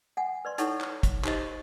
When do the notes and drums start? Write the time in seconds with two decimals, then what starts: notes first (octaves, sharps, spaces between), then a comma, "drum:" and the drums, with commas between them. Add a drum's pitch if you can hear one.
0.17 F#5 G#5
0.45 B4 D5 C6
0.58 D#4 E4 A4 C#5 F#5 C#6, drum: hi-hat
0.81 drum: clap
1.03 drum: kick, hi-hat
1.25 D#4 G4 C5 D#5, drum: clap